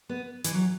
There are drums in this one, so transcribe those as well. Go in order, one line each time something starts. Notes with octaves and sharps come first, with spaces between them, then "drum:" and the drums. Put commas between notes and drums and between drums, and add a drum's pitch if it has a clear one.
B3
E3, drum: hi-hat
F#3